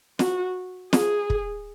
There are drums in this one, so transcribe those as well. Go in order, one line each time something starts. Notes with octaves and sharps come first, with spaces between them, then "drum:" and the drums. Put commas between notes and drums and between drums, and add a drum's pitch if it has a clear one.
F#4, drum: snare
G#4, drum: snare
drum: kick